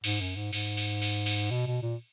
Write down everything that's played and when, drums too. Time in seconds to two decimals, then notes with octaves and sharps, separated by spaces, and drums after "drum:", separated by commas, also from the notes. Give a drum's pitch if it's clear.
0.04 G#2, drum: cymbal
0.21 F#2
0.36 G#2
0.53 G#2, drum: cymbal
0.77 drum: cymbal
1.02 drum: cymbal
1.26 drum: cymbal
1.51 B2
1.67 B2
1.83 A#2